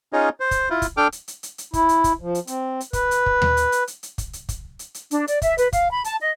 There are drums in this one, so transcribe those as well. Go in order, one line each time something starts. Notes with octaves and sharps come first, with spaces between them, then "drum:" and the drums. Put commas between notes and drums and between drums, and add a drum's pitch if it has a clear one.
C#4 D#4 F4 G#4 C#5 D#5
C5
drum: kick, hi-hat
E4 F4
drum: kick, hi-hat
D4 A4 G5 D6 F6
drum: hi-hat
drum: hi-hat
drum: hi-hat
drum: hi-hat
E4, drum: kick, hi-hat
drum: hi-hat
drum: kick, hi-hat
F3
drum: hi-hat
C4, drum: hi-hat
drum: hi-hat
B4, drum: kick, hi-hat
drum: hi-hat
drum: kick
drum: tom D#2
drum: hi-hat
drum: hi-hat
drum: hi-hat
drum: hi-hat
drum: kick, hi-hat
drum: hi-hat
drum: kick, hi-hat
drum: hi-hat
drum: hi-hat
D4, drum: hi-hat
D5, drum: hi-hat
E5, drum: kick, hi-hat
B4, drum: hi-hat
F5, drum: kick, hi-hat
B5
A5, drum: hi-hat
D#5